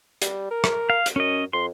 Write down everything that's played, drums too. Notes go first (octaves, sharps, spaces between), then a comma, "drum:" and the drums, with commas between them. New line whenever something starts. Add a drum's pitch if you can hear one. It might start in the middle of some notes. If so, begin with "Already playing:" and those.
G3, drum: hi-hat
A#4
drum: rim click
F5
drum: hi-hat
F#2 C#4 D#5
F2 C6